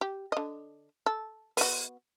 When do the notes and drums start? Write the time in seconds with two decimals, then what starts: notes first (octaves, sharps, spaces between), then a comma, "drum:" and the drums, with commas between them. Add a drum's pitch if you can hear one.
0.01 G4
0.32 D3 D#5
1.06 A4
1.57 B3 F#4, drum: open hi-hat